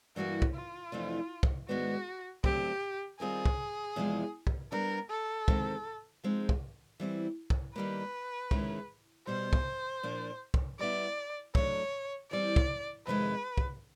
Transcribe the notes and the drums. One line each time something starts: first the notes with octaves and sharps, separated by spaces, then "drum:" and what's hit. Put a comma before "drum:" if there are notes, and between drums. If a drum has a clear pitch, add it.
G2 E3 G3 A#3 F#4
drum: kick
F4
F2 C3 E3 A3 D4
drum: kick
G#2 D#3 G#3 B3 D4 F#4
D3 F#3 A3 C4 G4, drum: kick
D#3 G3 C4 F4 G#4 A#4
drum: kick
E2 C3 F3 G#3
drum: kick
G3 B3 D4 A#4
A4
D#3 G#3 C4, drum: kick
F3 G#3 C4 D#4
drum: kick
E3 G3 C4 E4
drum: kick
D#3 G3 A#3 B4
D#3 G#3 C#4 E4, drum: kick
B2 G3 B3 C5
drum: kick
A#2 F3 A#3 D4
drum: kick
G3 B3 E4 D5
F#3 A3 D4 C#5, drum: kick
E3 G3 C4 D5
drum: kick
F2 C3 D#3 G#3 B4
drum: kick